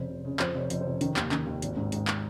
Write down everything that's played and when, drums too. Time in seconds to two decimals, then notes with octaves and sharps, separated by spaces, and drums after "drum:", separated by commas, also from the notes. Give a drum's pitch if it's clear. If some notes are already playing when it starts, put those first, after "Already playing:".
Already playing: F1 C#3 C5
0.10 F1
0.25 C#3
0.39 F2 C5, drum: clap
0.55 F1 C#5
0.70 F1, drum: hi-hat
0.81 C5
0.86 F1
1.01 D#3, drum: hi-hat
1.16 D#2, drum: clap
1.32 D#3, drum: clap
1.46 D#2
1.62 G#1, drum: hi-hat
1.77 G#2
1.92 G#2, drum: hi-hat
2.07 drum: clap